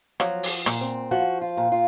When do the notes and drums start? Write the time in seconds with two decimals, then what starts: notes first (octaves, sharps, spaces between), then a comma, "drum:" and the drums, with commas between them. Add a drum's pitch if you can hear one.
0.20 F3 F#3, drum: rim click
0.43 drum: open hi-hat
0.66 A#2, drum: rim click
0.81 C4
1.11 F3 F#4
1.42 F4
1.57 A#2
1.72 F4